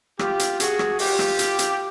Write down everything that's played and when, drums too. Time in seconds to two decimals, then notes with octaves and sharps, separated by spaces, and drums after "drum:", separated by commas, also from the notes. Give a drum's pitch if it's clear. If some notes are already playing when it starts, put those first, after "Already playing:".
0.19 F4 G4, drum: rim click
0.39 drum: hi-hat
0.60 F#4 G#4, drum: hi-hat
0.79 drum: rim click
0.99 F4 G4, drum: open hi-hat
1.19 drum: rim click
1.39 drum: hi-hat
1.59 drum: hi-hat